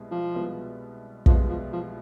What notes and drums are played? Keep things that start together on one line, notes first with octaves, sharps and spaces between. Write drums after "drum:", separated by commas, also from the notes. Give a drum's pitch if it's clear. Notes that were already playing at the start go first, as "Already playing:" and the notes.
Already playing: C2 B2 G#3 B3
F3
C2 B2 G#3 B3
C2 B2 F3 G#3 B3, drum: kick
F3
F3